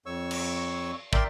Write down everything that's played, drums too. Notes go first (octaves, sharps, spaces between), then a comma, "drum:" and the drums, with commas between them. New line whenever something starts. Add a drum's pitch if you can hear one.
F2 C#5 C#6 E6
drum: cymbal
A#4 D5 E5 G5 C6, drum: kick